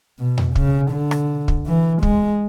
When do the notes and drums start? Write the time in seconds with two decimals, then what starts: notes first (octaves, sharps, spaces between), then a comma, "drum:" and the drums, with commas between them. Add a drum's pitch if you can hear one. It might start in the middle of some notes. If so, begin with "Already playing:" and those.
0.19 B2
0.38 drum: tom E2
0.55 C#3, drum: kick
0.92 D3
1.11 drum: rim click
1.48 drum: kick
1.67 E3
2.03 G#3, drum: kick